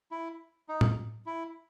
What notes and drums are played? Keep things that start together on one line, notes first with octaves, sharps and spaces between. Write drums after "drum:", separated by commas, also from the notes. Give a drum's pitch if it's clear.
E4
D#4
drum: tom A2
E4